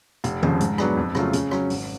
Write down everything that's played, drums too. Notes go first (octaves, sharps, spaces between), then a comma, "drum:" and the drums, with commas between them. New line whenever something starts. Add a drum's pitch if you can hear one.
F1, drum: hi-hat
F2 C#3 F3, drum: tom D#3
G#2, drum: hi-hat
F#3 B3 D4 G#4, drum: rim click
F2
C#3 F#3 A3 F4, drum: rim click
C#3, drum: hi-hat
F#3 C#4, drum: rim click
G#1, drum: open hi-hat